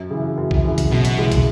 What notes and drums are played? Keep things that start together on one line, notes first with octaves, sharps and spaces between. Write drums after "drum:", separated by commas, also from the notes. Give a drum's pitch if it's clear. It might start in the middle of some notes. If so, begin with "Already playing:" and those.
Already playing: F#2
C#3 E3
F#2
drum: kick
C#3 E3
drum: kick, hi-hat
F#2 B2
drum: hi-hat
C#3 E3 G#3
drum: kick, hi-hat